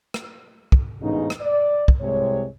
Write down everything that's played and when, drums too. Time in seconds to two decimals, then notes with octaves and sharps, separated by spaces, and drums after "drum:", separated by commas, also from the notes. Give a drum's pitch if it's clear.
0.14 drum: rim click
0.72 drum: kick
1.01 A1 G#2 C#3 B3 D4 D#4
1.30 drum: rim click
1.41 D5
1.88 drum: kick
2.00 C2 C3 G#3 C#5